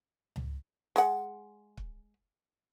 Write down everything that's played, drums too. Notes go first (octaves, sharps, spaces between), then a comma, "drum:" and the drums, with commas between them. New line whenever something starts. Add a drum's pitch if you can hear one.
drum: tom C#2
G#3 F#5, drum: hi-hat
drum: kick